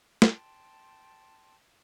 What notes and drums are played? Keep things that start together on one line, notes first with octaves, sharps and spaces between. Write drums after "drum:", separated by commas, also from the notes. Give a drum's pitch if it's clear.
G5 A5 C6, drum: snare